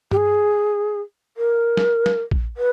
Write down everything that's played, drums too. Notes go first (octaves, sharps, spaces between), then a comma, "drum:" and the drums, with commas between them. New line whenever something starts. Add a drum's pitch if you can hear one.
G4, drum: tom G2
G#4
A#4
drum: snare
drum: snare
drum: kick A#1
B4